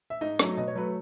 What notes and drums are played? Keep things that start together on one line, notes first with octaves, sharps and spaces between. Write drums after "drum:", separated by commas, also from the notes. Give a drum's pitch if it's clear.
E5
G#2 D#4 D#5
F#3 A3, drum: rim click
B2 D#5
C#5
F#3 A3 B4